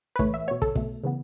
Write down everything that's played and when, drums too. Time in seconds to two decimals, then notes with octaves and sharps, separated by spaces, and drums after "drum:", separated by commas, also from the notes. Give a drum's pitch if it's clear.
0.16 B4
0.19 A2 E3 A3 C#5, drum: kick
0.34 E5
0.47 B2 B3 C#5
0.62 A4, drum: kick
0.75 B2 A3, drum: kick
1.03 C#3 E3 B3